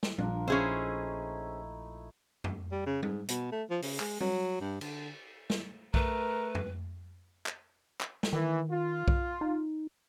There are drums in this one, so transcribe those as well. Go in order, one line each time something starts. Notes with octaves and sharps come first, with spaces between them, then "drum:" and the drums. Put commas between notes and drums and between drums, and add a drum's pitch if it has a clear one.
drum: snare
A#1 F3 D4 A#4, drum: tom G3
A3 C#4 D#4 E4 G#4 C5
drum: tom F2
G3
C#3
G#2, drum: tom G3
B2, drum: hi-hat
A3
F3
C#3, drum: open hi-hat
G#3, drum: clap
F#3, drum: tom G3
G2
D3, drum: cymbal
drum: snare
A3 A#4 B4, drum: kick B1
drum: tom F2
drum: clap
drum: clap
drum: snare
D#3 E3
F4
drum: kick B1
D#4